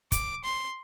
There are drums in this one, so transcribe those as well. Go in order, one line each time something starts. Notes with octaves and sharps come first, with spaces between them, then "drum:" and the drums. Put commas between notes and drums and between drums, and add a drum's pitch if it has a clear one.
D6, drum: kick, hi-hat
C6